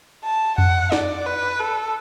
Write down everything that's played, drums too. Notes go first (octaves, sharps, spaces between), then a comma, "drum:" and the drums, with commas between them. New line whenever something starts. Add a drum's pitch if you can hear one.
A5
F#5, drum: tom F2
D5, drum: snare
B4
A4